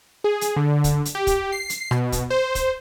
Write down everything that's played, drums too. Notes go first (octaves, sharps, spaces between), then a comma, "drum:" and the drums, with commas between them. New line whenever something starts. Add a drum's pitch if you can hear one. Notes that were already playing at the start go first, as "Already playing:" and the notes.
G#4
drum: hi-hat
D3
drum: kick, hi-hat
drum: hi-hat
G4
drum: kick, hi-hat
C7
drum: hi-hat
B2, drum: rim click
drum: kick, hi-hat
C5
drum: kick, hi-hat